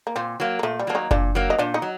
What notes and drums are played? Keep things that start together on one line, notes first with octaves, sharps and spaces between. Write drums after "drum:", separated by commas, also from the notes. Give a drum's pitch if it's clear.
A#3
A#2 C4
F#3 A#3
A#3
A#2 A3
G3
F#3 A#3 D4
D#3 D#4
A#2 D4 D5, drum: kick F#1
F#3 A#3
D#5
A#2 D4 D5
D#4 D#5
F#3